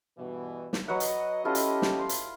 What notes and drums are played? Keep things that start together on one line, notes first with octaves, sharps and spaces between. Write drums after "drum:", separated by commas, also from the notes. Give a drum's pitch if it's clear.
G2 B2 E3
drum: snare
F#3 B4 D#5 F#5
drum: hi-hat
C#4 E4 F4 G4 A4 D#5
drum: hi-hat
drum: snare
C6
drum: hi-hat